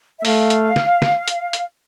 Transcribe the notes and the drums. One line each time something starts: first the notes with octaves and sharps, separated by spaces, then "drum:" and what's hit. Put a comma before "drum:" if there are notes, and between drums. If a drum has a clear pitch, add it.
E5
A3 F5, drum: open hi-hat
drum: hi-hat
drum: snare
drum: snare
drum: hi-hat
drum: hi-hat